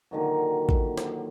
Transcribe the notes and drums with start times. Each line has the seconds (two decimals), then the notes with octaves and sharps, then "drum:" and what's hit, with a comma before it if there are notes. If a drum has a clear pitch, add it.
0.11 A#2 D3 D#3 F#3
0.69 drum: kick A1
0.98 drum: snare